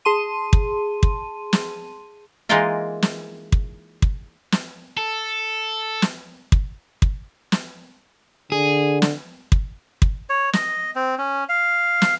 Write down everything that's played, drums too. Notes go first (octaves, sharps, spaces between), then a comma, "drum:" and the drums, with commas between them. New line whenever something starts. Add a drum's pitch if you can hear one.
G#4 A5 C6 D#7
drum: kick
drum: kick
drum: snare
E3 G#3 A#3 D#4 F4 A#4
drum: snare
drum: kick
drum: kick
drum: snare
A4
drum: snare
drum: kick
drum: kick
drum: snare
D3 G#4
drum: snare
drum: kick
drum: kick
C#5
D#5, drum: snare
C4
C#4
F5
drum: snare